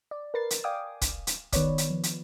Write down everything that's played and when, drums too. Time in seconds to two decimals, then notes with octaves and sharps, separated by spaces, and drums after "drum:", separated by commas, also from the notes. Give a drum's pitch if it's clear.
0.11 D5
0.34 A#4 B4 A6 C7
0.50 drum: hi-hat
0.64 D5 F5 G5 G#5 D6 D#6
1.01 drum: kick, hi-hat
1.27 drum: hi-hat
1.52 D#3 B3 B4 C#5 D5, drum: kick, hi-hat
1.78 drum: hi-hat
1.90 F3
2.03 drum: hi-hat